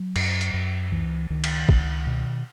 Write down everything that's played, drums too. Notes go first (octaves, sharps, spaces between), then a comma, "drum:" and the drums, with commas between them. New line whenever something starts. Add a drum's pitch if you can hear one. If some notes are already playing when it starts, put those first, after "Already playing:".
Already playing: F#3
F#2, drum: cymbal
drum: hi-hat
F#2
C#2 E3
C#2 D#3
drum: cymbal
C#2, drum: kick
B2